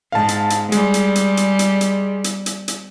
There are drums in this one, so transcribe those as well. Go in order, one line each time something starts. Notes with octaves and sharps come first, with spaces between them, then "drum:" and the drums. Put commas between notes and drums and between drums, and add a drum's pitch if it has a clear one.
G#2 F5 A5
drum: hi-hat
drum: hi-hat
G3 G#3, drum: hi-hat
drum: hi-hat
drum: hi-hat
drum: hi-hat
drum: hi-hat
drum: hi-hat
drum: hi-hat
drum: hi-hat
drum: hi-hat